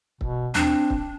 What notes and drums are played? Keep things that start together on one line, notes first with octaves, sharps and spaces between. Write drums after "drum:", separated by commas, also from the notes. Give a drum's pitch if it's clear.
B2, drum: kick
C4 D4, drum: tom D#2
drum: kick